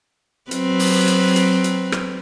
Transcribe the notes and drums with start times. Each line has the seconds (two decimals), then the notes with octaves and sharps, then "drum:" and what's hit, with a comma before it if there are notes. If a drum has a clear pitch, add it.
0.51 F#3 C4 B4, drum: hi-hat
0.79 drum: open hi-hat
1.08 drum: hi-hat
1.36 drum: hi-hat
1.64 drum: hi-hat
1.92 drum: rim click